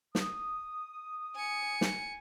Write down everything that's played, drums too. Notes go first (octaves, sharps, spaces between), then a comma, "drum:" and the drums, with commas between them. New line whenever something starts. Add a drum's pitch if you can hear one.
D#6, drum: snare
G#5 C#7
drum: snare